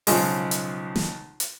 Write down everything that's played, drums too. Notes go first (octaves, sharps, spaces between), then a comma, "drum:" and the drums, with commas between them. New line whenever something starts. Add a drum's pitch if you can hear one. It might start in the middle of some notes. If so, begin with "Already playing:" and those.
B1 C#3 F3 G#3, drum: open hi-hat
drum: hi-hat
drum: snare
drum: hi-hat